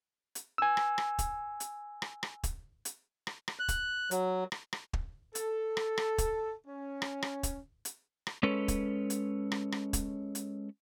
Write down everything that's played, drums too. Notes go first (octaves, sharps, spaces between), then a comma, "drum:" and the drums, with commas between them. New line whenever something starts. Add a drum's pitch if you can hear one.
drum: hi-hat
G#5 E6
drum: rim click
drum: rim click
drum: kick, hi-hat
drum: hi-hat
drum: rim click
drum: rim click
drum: kick, hi-hat
drum: hi-hat
drum: rim click
drum: rim click
F#6
drum: kick, hi-hat
F#3, drum: hi-hat
drum: rim click
drum: rim click
drum: kick
A4, drum: hi-hat
drum: rim click
drum: rim click
drum: kick, hi-hat
C#4
drum: rim click
drum: rim click
drum: kick, hi-hat
drum: hi-hat
drum: rim click
G#3 C#4 A4 B4 C#5
drum: kick, hi-hat
drum: hi-hat
drum: rim click
drum: rim click
drum: kick, hi-hat
drum: hi-hat